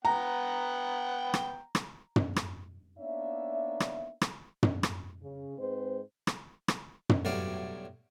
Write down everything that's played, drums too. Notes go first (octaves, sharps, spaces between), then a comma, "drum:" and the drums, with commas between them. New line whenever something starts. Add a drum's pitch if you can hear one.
B3 F#5 G5 A#5
drum: rim click
drum: rim click
drum: tom
drum: rim click
A#3 B3 D4 D#4 C#5 E5
drum: rim click
drum: rim click
drum: tom
drum: rim click
C#3
G#2 G#3 C4 B4 C5
drum: rim click
drum: rim click
drum: tom
B1 A2 F#3 G3 D5 F5